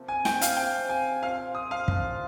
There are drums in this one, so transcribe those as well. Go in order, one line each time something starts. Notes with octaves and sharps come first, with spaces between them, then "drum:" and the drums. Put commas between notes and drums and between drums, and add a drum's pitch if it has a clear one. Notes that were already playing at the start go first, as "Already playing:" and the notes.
Already playing: C3 F3 A#3
G#5
G5, drum: snare
F5, drum: hi-hat
C3 F3 A#3 G5
G#5
A#2 F3 C4 F4 F5
D#6
F5
A#2 F3 C4 F4, drum: kick